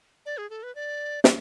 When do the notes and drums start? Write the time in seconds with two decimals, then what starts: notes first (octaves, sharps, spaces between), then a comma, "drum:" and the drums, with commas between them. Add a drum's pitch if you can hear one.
0.26 D5
0.38 G#4
0.50 A4
0.63 B4
0.75 D5
1.24 D5, drum: snare